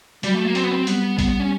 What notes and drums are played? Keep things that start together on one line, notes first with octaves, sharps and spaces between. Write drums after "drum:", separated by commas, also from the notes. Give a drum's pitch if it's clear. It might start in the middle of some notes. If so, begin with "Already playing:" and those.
F#3 G3, drum: hi-hat
A3
A#3
C4, drum: hi-hat
B3
C4
G3 B3, drum: hi-hat
B3, drum: kick A1, hi-hat
B3
C#4